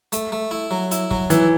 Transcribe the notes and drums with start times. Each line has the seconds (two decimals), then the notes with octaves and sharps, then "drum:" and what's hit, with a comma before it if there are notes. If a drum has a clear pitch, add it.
0.12 A3, drum: hi-hat
0.32 A3
0.51 E4
0.71 F#3
0.91 E4, drum: hi-hat
1.11 F#3, drum: kick
1.30 E3 E4, drum: hi-hat